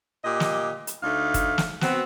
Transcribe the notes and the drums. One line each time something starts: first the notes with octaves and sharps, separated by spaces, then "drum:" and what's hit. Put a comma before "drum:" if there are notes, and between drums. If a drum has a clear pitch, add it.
A#2 G4 D#5
drum: snare
drum: hi-hat
D2 A3 D#4 F5
drum: kick, hi-hat
drum: snare
B3 C4 F#4, drum: snare